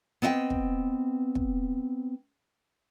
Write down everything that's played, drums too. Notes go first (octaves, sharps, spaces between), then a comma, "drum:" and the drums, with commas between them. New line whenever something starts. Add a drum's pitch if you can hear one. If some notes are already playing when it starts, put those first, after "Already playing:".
B3 C4 D#5 F#5 G5
drum: kick
drum: kick